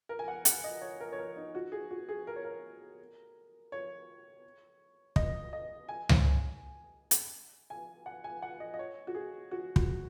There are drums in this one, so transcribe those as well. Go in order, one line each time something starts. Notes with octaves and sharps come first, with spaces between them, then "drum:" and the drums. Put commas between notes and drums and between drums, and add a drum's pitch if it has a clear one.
A#4
G#5
F#5
F#5, drum: hi-hat
D#5
C#5
A#4
C#5
A#4
D#4
F#4
G#4
F#4
G#4
A#4
C#5
A#4
C#5
D#5, drum: kick
D#5
G#5
drum: tom C#2
drum: hi-hat
G#5
F#5
G#5
F#5
D#5
D#5
C#5
F#4
G#4
F#4
F#4, drum: kick